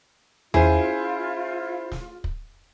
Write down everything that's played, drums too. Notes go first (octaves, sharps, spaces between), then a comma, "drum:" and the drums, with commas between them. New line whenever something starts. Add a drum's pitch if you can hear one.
C#4 E4 F4 G#4 C5, drum: tom E2
drum: snare
drum: kick